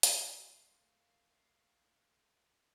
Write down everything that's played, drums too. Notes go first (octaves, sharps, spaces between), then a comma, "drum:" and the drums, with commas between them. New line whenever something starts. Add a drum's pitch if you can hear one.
drum: hi-hat
C2 A3 A#4 C5 F5